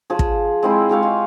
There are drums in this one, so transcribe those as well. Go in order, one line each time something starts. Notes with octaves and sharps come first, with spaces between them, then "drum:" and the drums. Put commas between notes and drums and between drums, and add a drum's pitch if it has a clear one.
F3 G#4
drum: kick
G#3 C4 E4
G#3 G4 F5 C#6
F4